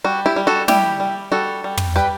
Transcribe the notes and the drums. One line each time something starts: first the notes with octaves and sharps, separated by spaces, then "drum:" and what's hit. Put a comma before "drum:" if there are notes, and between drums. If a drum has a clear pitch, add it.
G3 F#4
E4 G4
G3
F#4 A4
G3 E4 G4, drum: snare
G3
G3 F#4 A4
G3
drum: tom
G3 G4 B4